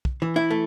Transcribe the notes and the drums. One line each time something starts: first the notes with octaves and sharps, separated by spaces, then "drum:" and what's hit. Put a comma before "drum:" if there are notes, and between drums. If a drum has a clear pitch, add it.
drum: kick
E3
E4
A3